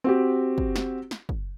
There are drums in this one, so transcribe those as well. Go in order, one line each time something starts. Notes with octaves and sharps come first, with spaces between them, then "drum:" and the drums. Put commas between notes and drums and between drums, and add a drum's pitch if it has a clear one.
C4 F#4 G4
drum: kick
drum: snare
drum: snare
drum: kick